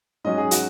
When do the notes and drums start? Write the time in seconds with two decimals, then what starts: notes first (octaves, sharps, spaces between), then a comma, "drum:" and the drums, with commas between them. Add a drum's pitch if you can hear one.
0.24 G#2 F#3 C#4 D#5
0.38 G#4
0.51 F#4, drum: hi-hat